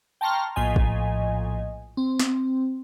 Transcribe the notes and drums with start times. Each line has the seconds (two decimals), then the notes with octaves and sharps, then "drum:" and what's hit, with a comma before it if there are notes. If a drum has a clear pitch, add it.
0.21 G5 A5 A#5 C6 C#6 F6
0.56 A#1 A2 F3 D#5 G#5
0.76 drum: kick
1.97 C4
2.19 drum: snare